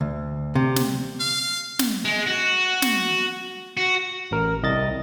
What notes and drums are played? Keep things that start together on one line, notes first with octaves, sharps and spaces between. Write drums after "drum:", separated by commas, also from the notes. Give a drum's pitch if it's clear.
D2
C3
drum: snare
F5
drum: snare
G#3
F#4
drum: snare
F#4
A1 A#4
C2 D#5 A6